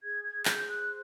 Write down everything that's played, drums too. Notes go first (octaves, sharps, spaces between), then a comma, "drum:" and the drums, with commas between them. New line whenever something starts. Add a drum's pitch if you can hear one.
G#4 G#6
G#6
C5 G6, drum: clap
F#6